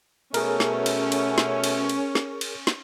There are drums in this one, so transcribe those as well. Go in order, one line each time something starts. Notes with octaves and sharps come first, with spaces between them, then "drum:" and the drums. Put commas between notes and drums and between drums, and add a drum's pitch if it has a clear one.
B2 A3 C#4 G#4 A#4, drum: cymbal
drum: snare
drum: cymbal
drum: cymbal
drum: snare
drum: cymbal
drum: cymbal
drum: snare
drum: cymbal
drum: snare